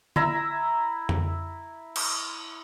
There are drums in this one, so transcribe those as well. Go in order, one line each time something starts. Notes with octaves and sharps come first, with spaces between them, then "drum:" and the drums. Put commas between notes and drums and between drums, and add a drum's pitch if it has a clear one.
E4 E5 A#5, drum: tom D3
drum: tom F2
drum: cymbal